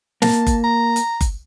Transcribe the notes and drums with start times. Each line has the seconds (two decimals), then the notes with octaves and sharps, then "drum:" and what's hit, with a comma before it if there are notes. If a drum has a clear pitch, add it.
0.22 A#3 A5, drum: snare
0.47 drum: kick F#1, hi-hat
0.64 A#5
0.96 drum: hi-hat
1.21 drum: kick F#1, hi-hat